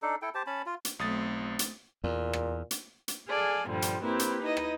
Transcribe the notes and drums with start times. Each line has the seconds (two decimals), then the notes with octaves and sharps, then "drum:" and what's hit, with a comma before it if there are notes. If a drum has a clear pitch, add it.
0.02 D4 D#4 A4
0.22 E4 A4 G5
0.35 G4 C5 A5
0.47 C#4 A5 B5
0.66 F4
0.85 drum: hi-hat
0.99 B1 A3 C4 D#6 A6
1.59 drum: hi-hat
2.04 E2 A#2
2.33 drum: rim click
2.71 drum: hi-hat
3.08 drum: hi-hat
3.29 G#4 A4 D5 F5 G#5
3.69 G2 A#2 D3 F3 G3
3.82 drum: hi-hat
4.04 A#3 C4 E4 G4 B4
4.19 drum: hi-hat
4.43 D#4 E4 B4 D#5
4.57 drum: rim click